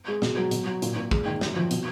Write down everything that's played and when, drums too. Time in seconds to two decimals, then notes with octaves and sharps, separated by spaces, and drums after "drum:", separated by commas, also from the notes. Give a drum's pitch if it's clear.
0.08 G#3
0.22 B2, drum: snare
0.37 F#3
0.51 B2, drum: hi-hat
0.66 F#3
0.82 A#2, drum: hi-hat
0.96 A#2
1.11 G#3, drum: kick
1.26 D#3
1.41 F#2, drum: snare
1.56 F3
1.71 B2, drum: hi-hat